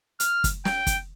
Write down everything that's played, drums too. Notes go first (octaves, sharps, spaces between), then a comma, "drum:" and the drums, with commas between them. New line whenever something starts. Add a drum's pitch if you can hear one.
F6, drum: hi-hat
drum: kick, hi-hat
G5, drum: snare
drum: kick, hi-hat